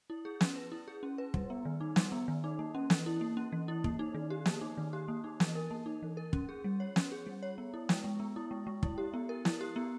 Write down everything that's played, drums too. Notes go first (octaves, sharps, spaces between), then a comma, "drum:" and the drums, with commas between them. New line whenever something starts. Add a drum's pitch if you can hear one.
E4
G#4
C#4, drum: snare
B4
E4
G#4
C#4
B4
G3, drum: kick
B3
D#3
D#4
G3, drum: snare
B3
D#3
D#4
A#3
C#4
E3, drum: snare
E4
A#3
C#4
E3
E4
A#3, drum: kick
D#4
D#3
G4
A#3, drum: snare
D#4
D#3
G4
A#3
D#4
E3, drum: snare
A#4
A#3
D#4
E3
A#4
C#4, drum: kick
G#4
G3
C#5
C#4, drum: snare
G#4
G3
C#5
B3
E4
G#3, drum: snare
G#3
B3
E4
G#3
G#3
E4, drum: kick
G4
B3
A#4
E4, drum: snare
G4
B3